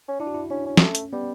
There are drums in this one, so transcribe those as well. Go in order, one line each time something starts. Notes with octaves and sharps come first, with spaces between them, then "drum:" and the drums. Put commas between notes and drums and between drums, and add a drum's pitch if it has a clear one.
C#4
D4 E4
F#4
E4
C#4 D4
C#4
D4, drum: snare
A3 C#4
drum: hi-hat
G3 B3